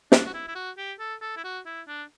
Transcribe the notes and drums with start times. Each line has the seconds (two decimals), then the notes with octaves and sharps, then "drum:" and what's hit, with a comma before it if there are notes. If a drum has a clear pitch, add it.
0.12 D4, drum: snare
0.26 F#4
0.34 E4
0.48 E4
0.55 F#4
0.77 G4
0.99 A4
1.22 A4
1.37 E4
1.44 F#4
1.66 E4
1.88 D4